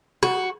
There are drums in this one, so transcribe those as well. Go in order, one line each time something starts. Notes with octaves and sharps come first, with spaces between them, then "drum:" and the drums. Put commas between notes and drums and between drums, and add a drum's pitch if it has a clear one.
F#4, drum: rim click